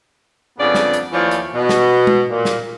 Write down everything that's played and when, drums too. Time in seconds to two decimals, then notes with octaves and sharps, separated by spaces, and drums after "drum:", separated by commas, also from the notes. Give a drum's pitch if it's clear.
0.59 F2 C#3 B3 D4 D5
0.75 drum: snare
0.93 drum: hi-hat
1.12 D#2 E3 F3 A3 C#5 D5
1.31 drum: hi-hat
1.54 B2
1.69 drum: snare
2.07 drum: tom G#3
2.29 A#2
2.45 drum: snare